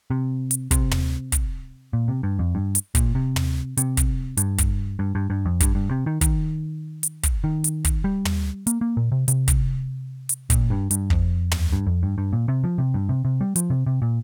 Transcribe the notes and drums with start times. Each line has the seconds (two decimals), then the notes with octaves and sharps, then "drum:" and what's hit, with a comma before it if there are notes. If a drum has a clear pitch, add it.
0.10 C3
0.51 drum: hi-hat
0.71 C3, drum: kick, hi-hat
0.91 drum: tom
1.32 drum: kick, hi-hat
1.93 A#2
2.08 C3
2.23 G2
2.39 F2
2.55 G2
2.75 drum: hi-hat
2.95 A#2, drum: kick, hi-hat
3.15 C3
3.36 drum: tom
3.77 C3, drum: hi-hat
3.97 drum: kick, hi-hat
4.37 G2, drum: hi-hat
4.58 drum: kick, hi-hat
4.99 G2
5.15 G2
5.30 G2
5.45 F2
5.60 G2, drum: kick, hi-hat
5.75 G2
5.91 C3
6.06 D#3
6.21 D#3, drum: kick, hi-hat
7.03 drum: hi-hat
7.23 drum: kick, hi-hat
7.44 D#3
7.64 drum: hi-hat
7.85 drum: kick, hi-hat
8.04 G3
8.25 drum: tom
8.67 A#3, drum: hi-hat
8.81 A#3
8.97 A#2
9.12 C3
9.28 C3, drum: hi-hat
9.48 drum: kick, hi-hat
10.29 drum: hi-hat
10.50 A#2, drum: kick, hi-hat
10.70 G2
10.91 G2, drum: hi-hat
11.10 F2, drum: kick
11.51 drum: tom
11.72 G2
11.87 F2
12.03 G2
12.18 G2
12.33 A#2
12.48 C3
12.64 F3
12.78 C3
12.94 G2
13.09 C3
13.25 C3
13.41 G3
13.56 F3, drum: hi-hat
13.70 C3
13.87 C3
14.02 A#2